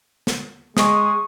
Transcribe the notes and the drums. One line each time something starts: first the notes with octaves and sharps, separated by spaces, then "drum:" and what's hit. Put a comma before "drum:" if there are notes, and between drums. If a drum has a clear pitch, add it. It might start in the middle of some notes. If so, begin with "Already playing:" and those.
drum: snare
G#3 C#6 D#6, drum: snare